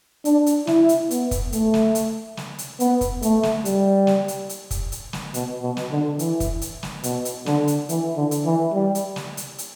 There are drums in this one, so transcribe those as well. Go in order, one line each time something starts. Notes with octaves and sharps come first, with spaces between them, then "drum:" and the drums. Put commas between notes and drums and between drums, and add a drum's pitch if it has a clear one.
D4, drum: hi-hat
drum: hi-hat
E4, drum: snare
drum: hi-hat
B3, drum: hi-hat
drum: kick, hi-hat
A3, drum: hi-hat
drum: snare
drum: hi-hat
drum: snare
drum: hi-hat
B3, drum: hi-hat
drum: kick, hi-hat
A3, drum: hi-hat
drum: snare
G3, drum: hi-hat
drum: snare
drum: hi-hat
drum: hi-hat
drum: kick, hi-hat
drum: hi-hat
drum: snare
B2, drum: hi-hat
B2
drum: snare
D3
E3, drum: hi-hat
drum: kick, hi-hat
drum: hi-hat
drum: snare
B2, drum: hi-hat
drum: hi-hat
D3, drum: snare
drum: hi-hat
E3, drum: hi-hat
D3
drum: hi-hat
E3
G3
drum: hi-hat
drum: snare
drum: hi-hat
drum: hi-hat